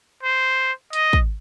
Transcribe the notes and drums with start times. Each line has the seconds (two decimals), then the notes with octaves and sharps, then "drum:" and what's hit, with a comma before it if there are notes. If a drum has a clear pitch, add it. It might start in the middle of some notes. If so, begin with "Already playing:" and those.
0.23 C5
0.93 D#5, drum: hi-hat
1.13 drum: kick